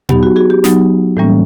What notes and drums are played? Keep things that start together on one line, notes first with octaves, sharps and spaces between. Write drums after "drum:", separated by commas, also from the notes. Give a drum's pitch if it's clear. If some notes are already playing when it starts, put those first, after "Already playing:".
F#3 B3 D#4 G4, drum: tom A#2
F#4
F#4 G#4
G4
F#3 B3 D#4, drum: snare
A2 E3 G3 A#3 C#4